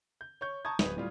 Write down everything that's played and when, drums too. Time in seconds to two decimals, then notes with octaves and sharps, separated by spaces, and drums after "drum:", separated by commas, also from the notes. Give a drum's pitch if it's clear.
0.21 G6
0.41 C#5 C#6 G6
0.65 A5 A#5 C#6 D#6 G#6
0.79 D1 B4 D#6 D#7, drum: snare
0.96 A2 G3 F4